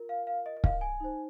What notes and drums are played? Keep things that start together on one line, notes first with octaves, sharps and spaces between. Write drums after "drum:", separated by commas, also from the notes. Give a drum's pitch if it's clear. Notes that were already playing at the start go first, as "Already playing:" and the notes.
Already playing: F4 A#4
F5
F5
D#5
D#5
F5, drum: kick
G#5
D#4 C5